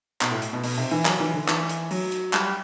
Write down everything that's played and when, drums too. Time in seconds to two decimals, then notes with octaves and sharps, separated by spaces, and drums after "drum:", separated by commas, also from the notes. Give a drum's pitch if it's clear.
0.21 B2, drum: clap
0.31 A2
0.42 drum: hi-hat
0.53 B2
0.64 B2, drum: open hi-hat
0.77 C3
0.91 E3
1.05 F#3, drum: clap
1.20 E3
1.33 D3
1.48 E3, drum: clap
1.69 drum: hi-hat
1.91 F#3, drum: open hi-hat
2.12 drum: hi-hat
2.33 G3, drum: clap